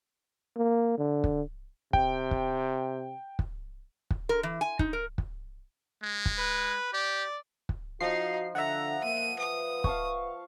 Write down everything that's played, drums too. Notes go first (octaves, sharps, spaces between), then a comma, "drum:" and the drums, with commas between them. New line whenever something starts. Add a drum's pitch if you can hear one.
A#3
D3
drum: kick
C3 G5, drum: kick
drum: kick
drum: kick
drum: kick
A#4
E3
G#5
D#4, drum: kick
A#4
drum: kick
G#3
drum: kick
B4
G4 D5
drum: kick
F3 D#4 F#4 C7
D3 E5 F#5 A#5
A#3 D#7
B4 D#6
F5 A5 C#6, drum: kick